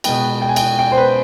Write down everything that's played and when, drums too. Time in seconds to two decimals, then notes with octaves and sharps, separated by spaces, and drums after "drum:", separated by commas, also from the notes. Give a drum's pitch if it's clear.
0.04 B2 G#3 B3 G5, drum: cymbal
0.42 G5
0.49 G#5
0.56 G5, drum: cymbal
0.79 G5
0.92 C5
0.98 B4